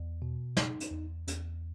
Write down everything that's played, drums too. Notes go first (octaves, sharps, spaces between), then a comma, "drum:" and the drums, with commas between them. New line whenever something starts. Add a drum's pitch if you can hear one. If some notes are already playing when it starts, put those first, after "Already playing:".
Already playing: E2
B2
D#4, drum: snare
drum: hi-hat
E2
E2, drum: hi-hat